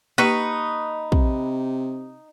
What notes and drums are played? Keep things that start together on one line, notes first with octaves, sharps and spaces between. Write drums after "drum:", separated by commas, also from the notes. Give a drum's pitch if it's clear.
A#3 D#4 G4 B4 C#6
C3, drum: kick